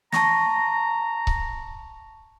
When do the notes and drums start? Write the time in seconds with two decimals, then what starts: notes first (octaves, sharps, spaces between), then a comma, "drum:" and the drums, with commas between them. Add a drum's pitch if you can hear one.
0.13 A5 A#5 C#6 A#6, drum: snare
1.27 drum: kick C#1